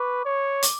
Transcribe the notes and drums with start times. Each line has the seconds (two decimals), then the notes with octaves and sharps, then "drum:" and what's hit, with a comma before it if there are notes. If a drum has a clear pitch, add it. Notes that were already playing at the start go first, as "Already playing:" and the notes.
Already playing: B4 C#6 D6
0.25 C#5
0.63 D6, drum: hi-hat